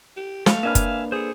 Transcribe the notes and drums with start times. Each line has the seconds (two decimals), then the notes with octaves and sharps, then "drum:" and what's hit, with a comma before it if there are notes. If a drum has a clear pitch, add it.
0.16 G4
0.46 A3 F5, drum: snare
0.63 A#3 D4 B4 E5 G#5 F6
0.75 drum: kick, hi-hat
1.12 G#4 A4 C5